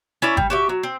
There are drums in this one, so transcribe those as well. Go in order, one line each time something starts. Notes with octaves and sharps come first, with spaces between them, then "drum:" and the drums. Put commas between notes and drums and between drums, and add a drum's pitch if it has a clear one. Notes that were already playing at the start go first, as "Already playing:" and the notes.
C#4 E4 D5 A#5
G3, drum: kick G#1
F#4 G4 E5
F#3
C4